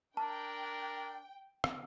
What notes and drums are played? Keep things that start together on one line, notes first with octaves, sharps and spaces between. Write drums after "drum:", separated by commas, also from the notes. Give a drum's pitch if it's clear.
D4 A#4 G5 A5
drum: rim click